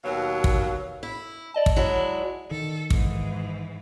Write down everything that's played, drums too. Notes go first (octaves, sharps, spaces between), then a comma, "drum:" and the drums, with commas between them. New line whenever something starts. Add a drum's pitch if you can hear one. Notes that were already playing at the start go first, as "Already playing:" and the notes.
D#2 B2 F#3 F5
drum: kick
E4
D5 D#5 A5
drum: kick
F#3 G#3 E4
D#3 A4
G#2 E3, drum: kick